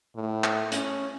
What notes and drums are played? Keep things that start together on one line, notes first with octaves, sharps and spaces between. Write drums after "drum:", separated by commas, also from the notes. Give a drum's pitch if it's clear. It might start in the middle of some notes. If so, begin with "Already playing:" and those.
A2
drum: clap
C#4, drum: hi-hat